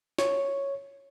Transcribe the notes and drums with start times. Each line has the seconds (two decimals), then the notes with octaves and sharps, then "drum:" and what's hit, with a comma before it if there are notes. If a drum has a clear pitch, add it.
0.19 C#5, drum: snare